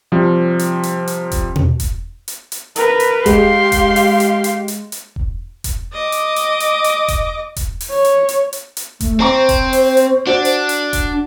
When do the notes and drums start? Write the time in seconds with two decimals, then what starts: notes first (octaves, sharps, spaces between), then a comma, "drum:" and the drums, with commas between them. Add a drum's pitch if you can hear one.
0.12 C3 F3 G3
0.59 drum: hi-hat
0.83 drum: hi-hat
1.07 drum: hi-hat
1.32 drum: kick E1, hi-hat
1.56 drum: tom
1.80 drum: kick E1, hi-hat
2.28 drum: hi-hat
2.52 drum: hi-hat
2.76 A#4 B4, drum: hi-hat
3.00 drum: hi-hat
3.26 G#3 G4 F5 C6, drum: kick E1, hi-hat
3.72 drum: kick E1, hi-hat
3.96 drum: open hi-hat
4.20 drum: hi-hat
4.44 drum: hi-hat
4.68 drum: hi-hat
4.92 drum: hi-hat
5.16 drum: kick E1
5.64 drum: kick E1, hi-hat
5.93 D#5 D6
6.12 drum: hi-hat
6.36 drum: hi-hat
6.60 drum: hi-hat
6.84 drum: hi-hat
7.08 drum: kick E1, hi-hat
7.56 drum: kick E1, hi-hat
7.81 drum: open hi-hat
7.90 C#5
8.05 drum: hi-hat
8.29 drum: hi-hat
8.53 drum: hi-hat
8.77 drum: hi-hat
9.00 A3, drum: kick E1, hi-hat
9.20 C4 C5 A#5 C#6 D7
9.49 drum: kick E1, hi-hat
9.73 drum: open hi-hat
9.97 drum: hi-hat
10.27 D4 F#4 D7
10.45 drum: hi-hat
10.69 drum: hi-hat
10.93 drum: kick E1, hi-hat